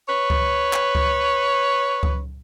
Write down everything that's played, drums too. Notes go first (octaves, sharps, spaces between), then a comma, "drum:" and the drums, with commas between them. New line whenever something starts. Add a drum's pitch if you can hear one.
B4 C#5
drum: kick C#2
drum: clap
drum: kick C#2
drum: kick C#2